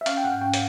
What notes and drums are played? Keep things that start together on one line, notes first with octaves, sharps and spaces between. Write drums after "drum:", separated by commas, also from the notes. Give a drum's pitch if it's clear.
E5
C#4 F5, drum: hi-hat
G5
G#2 F#5
C#4 G5
drum: hi-hat